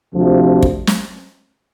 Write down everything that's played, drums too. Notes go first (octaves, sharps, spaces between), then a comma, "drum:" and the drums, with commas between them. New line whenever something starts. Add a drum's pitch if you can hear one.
D2 C3 F3
drum: kick
drum: snare